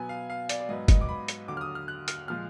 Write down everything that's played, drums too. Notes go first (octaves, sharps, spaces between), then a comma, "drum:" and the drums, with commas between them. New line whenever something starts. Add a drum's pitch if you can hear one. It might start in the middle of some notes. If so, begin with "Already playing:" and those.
Already playing: B2 F#3 B3 G#5
F5
F5
D5, drum: hi-hat
D5
G#2 F#3 B3 D#5
D#5, drum: kick, hi-hat
D6
B5
drum: hi-hat
D#2 D3 F#3 D6
F6
D#6
F6
F#6
F6, drum: hi-hat
A#2 F3 G#3 F6